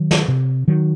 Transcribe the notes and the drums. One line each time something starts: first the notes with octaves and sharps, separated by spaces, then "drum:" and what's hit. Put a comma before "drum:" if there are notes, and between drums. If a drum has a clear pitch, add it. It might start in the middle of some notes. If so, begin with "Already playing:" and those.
Already playing: D#3 F#3
drum: snare
C3
D#3 F#3